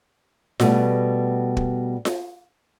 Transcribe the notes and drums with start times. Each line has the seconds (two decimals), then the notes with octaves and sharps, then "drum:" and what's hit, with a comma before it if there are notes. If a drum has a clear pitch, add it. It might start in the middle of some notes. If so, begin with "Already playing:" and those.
0.60 B2 G3 A3 B3, drum: snare F4
1.57 drum: kick
2.05 drum: snare F4